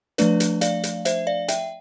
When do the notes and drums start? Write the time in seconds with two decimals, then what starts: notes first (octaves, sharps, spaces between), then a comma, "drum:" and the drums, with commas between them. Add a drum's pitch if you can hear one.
0.18 F3 A3 D4 B4 D5, drum: hi-hat
0.40 drum: hi-hat
0.61 D5 F5, drum: hi-hat
0.83 drum: hi-hat
1.05 C5 E5, drum: hi-hat
1.27 D5 F5
1.48 E5 G5, drum: hi-hat